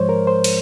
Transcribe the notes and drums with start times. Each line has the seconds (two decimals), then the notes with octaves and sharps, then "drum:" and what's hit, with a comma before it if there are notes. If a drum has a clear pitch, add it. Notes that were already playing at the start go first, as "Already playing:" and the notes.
Already playing: G#2 F3 G#3 C5 C#5
0.09 A#4
0.27 C5
0.44 drum: cymbal